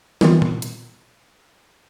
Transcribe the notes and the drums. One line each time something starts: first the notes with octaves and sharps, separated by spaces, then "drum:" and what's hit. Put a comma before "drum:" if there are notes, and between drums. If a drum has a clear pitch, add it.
D#3 E3 G3 B3 C4 F4, drum: snare
drum: tom A#2
drum: hi-hat